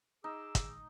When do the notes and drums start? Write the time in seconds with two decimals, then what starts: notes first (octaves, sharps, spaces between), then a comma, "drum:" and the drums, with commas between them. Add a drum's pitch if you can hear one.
0.24 D#4 G#4 D6 E6
0.55 drum: kick, hi-hat